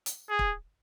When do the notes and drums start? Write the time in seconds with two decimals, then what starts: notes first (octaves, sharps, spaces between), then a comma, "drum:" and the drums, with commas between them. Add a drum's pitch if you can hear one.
0.06 drum: hi-hat
0.30 G#4
0.39 drum: kick